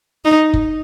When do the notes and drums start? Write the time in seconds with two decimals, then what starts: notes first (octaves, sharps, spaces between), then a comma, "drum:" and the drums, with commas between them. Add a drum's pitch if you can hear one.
0.25 D#4
0.54 drum: kick